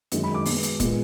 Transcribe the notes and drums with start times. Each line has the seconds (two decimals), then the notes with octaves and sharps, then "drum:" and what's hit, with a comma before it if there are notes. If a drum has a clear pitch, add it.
0.12 F#2 D#3 G#3, drum: hi-hat
0.24 B5
0.34 D6
0.45 B2 G#3 B3, drum: open hi-hat
0.63 drum: hi-hat
0.80 A#2 G#3 B3, drum: kick F1, hi-hat